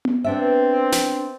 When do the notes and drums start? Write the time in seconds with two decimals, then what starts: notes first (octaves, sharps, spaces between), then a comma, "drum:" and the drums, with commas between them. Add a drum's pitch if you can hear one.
0.05 drum: tom B3
0.24 B3 C4 D4 E5
0.92 drum: snare